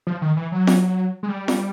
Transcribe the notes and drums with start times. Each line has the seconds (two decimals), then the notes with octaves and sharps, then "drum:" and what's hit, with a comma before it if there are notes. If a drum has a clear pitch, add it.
0.07 F3
0.22 D#3
0.36 E3
0.52 F#3
0.67 drum: snare
1.23 G#3
1.28 G3
1.48 drum: snare